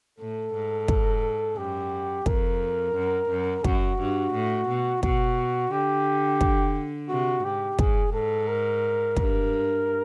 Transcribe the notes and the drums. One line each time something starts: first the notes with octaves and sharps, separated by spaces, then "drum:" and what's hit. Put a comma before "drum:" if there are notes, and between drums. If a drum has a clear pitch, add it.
A2 A4
G#2
drum: kick
F#2 G4
F2 A#4, drum: kick
F#2
F#2
F#2 F#4, drum: kick
G2
A2
B2
B2 F#4, drum: kick
D3 G4
drum: kick
C3 F#4
G#2 G4
G#2 G#4, drum: kick
G#2 A4
A#4
G2 A#4, drum: kick